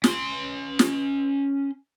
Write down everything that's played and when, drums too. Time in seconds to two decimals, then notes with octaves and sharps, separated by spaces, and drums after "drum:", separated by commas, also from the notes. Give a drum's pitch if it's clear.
0.04 C#4 C6, drum: snare
0.79 drum: snare